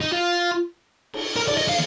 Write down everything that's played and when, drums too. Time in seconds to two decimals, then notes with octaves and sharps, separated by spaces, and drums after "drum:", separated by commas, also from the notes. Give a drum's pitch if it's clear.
0.01 D#4
0.12 F4
1.14 drum: cymbal
1.36 A#4
1.48 D5, drum: cymbal
1.57 D#5
1.69 F5